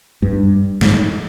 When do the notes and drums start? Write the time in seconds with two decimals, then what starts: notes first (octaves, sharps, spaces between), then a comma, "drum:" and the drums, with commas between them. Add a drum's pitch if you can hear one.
0.22 G2
0.81 G#2, drum: snare